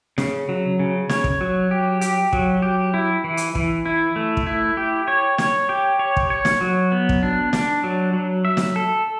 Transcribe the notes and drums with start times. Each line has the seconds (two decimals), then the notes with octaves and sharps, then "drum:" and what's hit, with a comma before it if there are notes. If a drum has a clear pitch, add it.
0.18 C#3, drum: snare
0.49 F#3
0.79 C#3
1.09 C#5, drum: snare
1.24 drum: kick
1.41 F#3
1.71 G4
2.01 G4, drum: hi-hat
2.33 F#3, drum: kick
2.62 G4
2.94 E4
3.24 E3
3.37 drum: hi-hat
3.55 E3, drum: kick
3.86 E4
4.16 A3
4.37 drum: kick
4.47 E4
4.77 G4
5.08 C#5
5.38 C#5, drum: snare
5.69 G4
5.99 C#5
6.17 drum: kick
6.30 C#5
6.45 drum: snare
6.61 F#3
6.92 B3
7.09 drum: kick
7.23 D4
7.53 D4, drum: snare
7.83 F#3
8.13 F#3
8.45 E5
8.57 drum: snare
8.76 A4